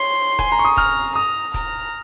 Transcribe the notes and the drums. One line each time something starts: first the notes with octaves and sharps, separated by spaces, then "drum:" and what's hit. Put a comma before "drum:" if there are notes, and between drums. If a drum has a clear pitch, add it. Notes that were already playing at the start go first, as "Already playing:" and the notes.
Already playing: C#5 C6
G#5, drum: kick, hi-hat
A#5
C#6
D#6
A#5 F6, drum: kick, hi-hat
A#5 D#6
A#5, drum: kick, hi-hat